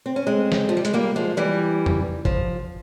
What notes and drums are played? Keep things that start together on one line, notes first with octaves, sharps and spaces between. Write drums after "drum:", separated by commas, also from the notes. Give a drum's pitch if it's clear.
C4
C#4
G#3 C4
drum: snare
F3
G3
G#3, drum: hi-hat
G3 A#3
F3 G#3
E3 G3
drum: tom E2
F3, drum: kick G#1